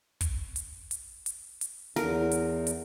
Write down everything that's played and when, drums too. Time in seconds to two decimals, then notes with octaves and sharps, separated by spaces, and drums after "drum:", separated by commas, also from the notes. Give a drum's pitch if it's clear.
0.21 drum: kick, hi-hat
0.56 drum: hi-hat
0.91 drum: hi-hat
1.26 drum: hi-hat
1.61 drum: hi-hat
1.96 E2 A#4, drum: snare
2.31 drum: hi-hat
2.67 drum: hi-hat